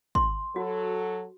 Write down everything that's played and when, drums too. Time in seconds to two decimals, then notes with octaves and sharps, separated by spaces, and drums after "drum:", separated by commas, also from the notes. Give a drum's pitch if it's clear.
0.15 C6, drum: kick G#1
0.56 F#3 F#4 A4